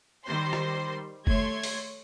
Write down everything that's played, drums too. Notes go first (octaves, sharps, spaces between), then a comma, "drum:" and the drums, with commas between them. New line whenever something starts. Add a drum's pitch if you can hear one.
D#3 G3 C5 C6
drum: rim click
A3 C#5 C6 G#6, drum: kick F#1
drum: open hi-hat